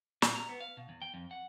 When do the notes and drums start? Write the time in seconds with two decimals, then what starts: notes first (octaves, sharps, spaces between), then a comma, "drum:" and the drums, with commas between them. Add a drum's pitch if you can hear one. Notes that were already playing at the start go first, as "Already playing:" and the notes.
0.22 A#2, drum: snare
0.35 A#5
0.49 B3
0.60 F5
0.77 B2
0.89 E2
1.02 G5
1.14 F2
1.31 F#5